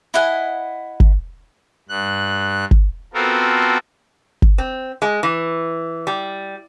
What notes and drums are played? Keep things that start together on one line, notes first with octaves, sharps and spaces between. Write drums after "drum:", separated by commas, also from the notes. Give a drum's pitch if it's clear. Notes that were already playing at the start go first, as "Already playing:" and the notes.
E4 D#5 F#5 G#5
drum: kick G1
G2 F#6
drum: kick G1
B3 C4 F4 F#4 A4 A#4
drum: kick G1
C4
G#3
E3
G3